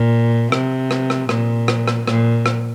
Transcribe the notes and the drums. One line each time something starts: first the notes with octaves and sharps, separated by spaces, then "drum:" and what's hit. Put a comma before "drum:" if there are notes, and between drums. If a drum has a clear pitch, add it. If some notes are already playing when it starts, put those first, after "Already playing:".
Already playing: A#2
C3, drum: rim click
drum: rim click
drum: rim click
A#2, drum: rim click
drum: rim click
drum: rim click
A#2, drum: rim click
drum: rim click